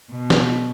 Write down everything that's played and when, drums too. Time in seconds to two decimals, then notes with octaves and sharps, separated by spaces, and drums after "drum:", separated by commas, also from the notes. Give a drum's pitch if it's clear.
0.13 B2
0.30 drum: snare